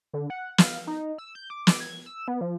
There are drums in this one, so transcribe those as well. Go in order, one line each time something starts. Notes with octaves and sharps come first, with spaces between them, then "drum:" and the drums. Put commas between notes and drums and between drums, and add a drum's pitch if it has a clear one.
D3
F#5
F5, drum: snare
D#4
E6
G6
D6
drum: snare
G#6
E6
B3
F3